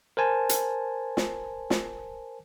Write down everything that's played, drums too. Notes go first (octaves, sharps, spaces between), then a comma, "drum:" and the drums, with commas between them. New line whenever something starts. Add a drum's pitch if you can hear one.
A#4 C5 G#5 A5
drum: hi-hat
drum: snare
drum: snare